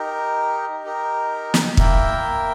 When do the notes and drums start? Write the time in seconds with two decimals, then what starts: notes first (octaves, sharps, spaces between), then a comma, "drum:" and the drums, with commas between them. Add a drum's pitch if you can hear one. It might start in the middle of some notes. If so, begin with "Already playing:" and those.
Already playing: D#4 G4 A#4
0.84 D#4 G4 A#4
1.54 drum: snare
1.77 A#3 E4 A#4 E5 G5, drum: kick